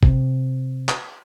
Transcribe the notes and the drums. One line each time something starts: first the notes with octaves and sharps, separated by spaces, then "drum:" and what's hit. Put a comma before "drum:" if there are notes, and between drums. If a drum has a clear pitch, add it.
C3, drum: kick G#1
drum: clap